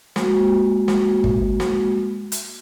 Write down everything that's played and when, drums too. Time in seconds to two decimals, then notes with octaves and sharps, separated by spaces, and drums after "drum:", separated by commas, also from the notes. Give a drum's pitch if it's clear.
0.16 G#3 A#3 F#4, drum: snare
0.88 drum: snare
1.24 drum: kick
1.60 drum: snare
2.32 drum: hi-hat